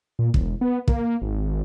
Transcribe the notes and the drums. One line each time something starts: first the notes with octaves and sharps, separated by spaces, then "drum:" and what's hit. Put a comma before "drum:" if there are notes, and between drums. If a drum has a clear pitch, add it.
A#2
E1, drum: kick
B3
A#3, drum: kick
G#1